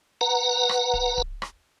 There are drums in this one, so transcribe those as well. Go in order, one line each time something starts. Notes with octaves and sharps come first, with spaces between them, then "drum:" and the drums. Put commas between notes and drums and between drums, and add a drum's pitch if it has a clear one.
B4 F#5 A#5
drum: rim click
drum: kick D1
drum: kick D1
drum: rim click